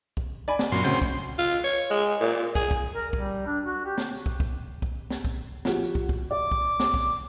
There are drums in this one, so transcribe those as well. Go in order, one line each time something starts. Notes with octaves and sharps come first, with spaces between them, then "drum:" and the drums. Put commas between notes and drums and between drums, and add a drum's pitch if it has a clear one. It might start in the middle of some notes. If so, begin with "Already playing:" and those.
drum: kick
D5 G#5 B5
drum: snare
F#2 A#2 C6
D2 C#3 C4 G6
drum: kick
F4
C#5
G#3
A#2
G#4, drum: kick
drum: kick
A#4
G3, drum: kick
D4
F#4
G4
drum: snare
drum: kick
drum: kick
drum: kick
drum: snare
drum: kick
F3 F#4 G4, drum: snare
drum: kick
drum: kick
D5 D6
drum: kick
drum: snare
drum: kick